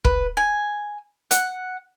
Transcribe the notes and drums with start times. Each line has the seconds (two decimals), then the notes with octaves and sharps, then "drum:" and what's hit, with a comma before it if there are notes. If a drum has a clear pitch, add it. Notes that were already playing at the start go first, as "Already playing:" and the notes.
0.05 B4, drum: kick
0.37 G#5
1.31 F#5, drum: hi-hat